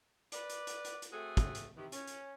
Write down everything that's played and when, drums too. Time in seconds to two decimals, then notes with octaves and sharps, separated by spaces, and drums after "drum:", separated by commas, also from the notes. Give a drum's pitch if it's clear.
0.32 B4 D5, drum: hi-hat
0.49 drum: hi-hat
0.67 drum: hi-hat
0.85 drum: hi-hat
1.02 drum: hi-hat
1.12 A3 C4 F#4 G#4 A4
1.37 drum: kick, hi-hat
1.55 drum: hi-hat
1.77 C3 D#3 E3 E4 G4
1.92 C#4, drum: hi-hat
2.07 drum: hi-hat